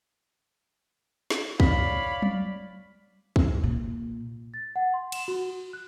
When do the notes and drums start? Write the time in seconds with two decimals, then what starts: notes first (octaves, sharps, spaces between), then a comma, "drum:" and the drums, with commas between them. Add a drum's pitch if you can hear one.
1.30 drum: snare
1.60 C#5 D5 F5 B5, drum: kick
2.22 drum: tom F#3
3.36 drum: kick
3.64 A#2
4.54 A6
4.76 F#5
4.94 C6
5.12 E7, drum: cymbal
5.28 F#4
5.73 F#6